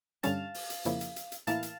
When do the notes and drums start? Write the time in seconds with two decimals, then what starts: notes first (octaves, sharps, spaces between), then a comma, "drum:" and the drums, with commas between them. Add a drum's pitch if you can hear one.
0.23 G2 D3 G3 C#4 F5 A5, drum: hi-hat
0.54 drum: open hi-hat
0.70 drum: hi-hat
0.85 F2 C#3 F3 A#3 E4, drum: hi-hat
1.01 drum: hi-hat
1.16 drum: hi-hat
1.32 drum: hi-hat
1.47 A2 E3 A#3 E4 F5 A5, drum: hi-hat
1.63 drum: hi-hat